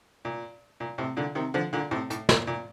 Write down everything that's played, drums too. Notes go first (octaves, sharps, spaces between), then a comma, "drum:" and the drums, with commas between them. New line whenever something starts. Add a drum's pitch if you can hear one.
A#2
A#2
A2 C3
A#2 D3
C3 D#3
D3 F3
A#2 D3
A2 C3
A2, drum: hi-hat
A#2, drum: snare
A#2